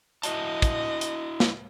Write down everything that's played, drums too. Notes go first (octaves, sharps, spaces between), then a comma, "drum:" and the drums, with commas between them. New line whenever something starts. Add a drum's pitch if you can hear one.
E4 F#4 D#5 A5, drum: hi-hat
drum: kick, hi-hat
drum: hi-hat
drum: snare